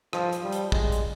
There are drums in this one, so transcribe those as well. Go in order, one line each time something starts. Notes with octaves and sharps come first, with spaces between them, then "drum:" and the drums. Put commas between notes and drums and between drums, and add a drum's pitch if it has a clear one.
F3, drum: rim click
drum: hi-hat
G3
drum: hi-hat
G#3, drum: kick
drum: hi-hat